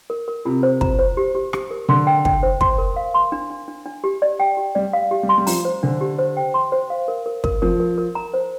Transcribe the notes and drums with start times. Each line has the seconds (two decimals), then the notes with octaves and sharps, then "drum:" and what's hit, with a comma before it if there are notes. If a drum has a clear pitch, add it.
0.10 A#4
0.28 A#4
0.45 C3 F4
0.63 C5
0.81 A#5, drum: kick
0.99 C5
1.17 G4
1.35 G4
1.53 G4, drum: rim click
1.71 A#4
1.89 D3 C6
2.07 G5
2.25 G5, drum: kick
2.43 C5
2.61 C6, drum: kick
2.78 A#4
2.96 F5
3.14 C6
3.32 D4
3.50 D4
3.68 D4
3.86 D4
4.04 G4
4.22 D5
4.40 G5
4.57 G4
4.75 G3 D5
4.93 F5
5.11 G4
5.23 G3
5.29 C6
5.38 G3
5.47 F3 A#5, drum: open hi-hat
5.65 C5
5.83 D3 D4
6.01 G4
6.19 C5
6.37 G5
6.54 C6
6.72 C5
6.90 F5
7.08 A#4
7.26 A#4
7.44 A#4, drum: kick
7.62 F3 A#4
7.80 A#4
7.98 A#4
8.15 A#5
8.34 C5